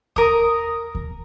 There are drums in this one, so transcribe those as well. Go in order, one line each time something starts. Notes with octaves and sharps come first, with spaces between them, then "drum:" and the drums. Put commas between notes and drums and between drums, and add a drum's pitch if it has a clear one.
A#4 D#6, drum: kick D#2
drum: kick D#2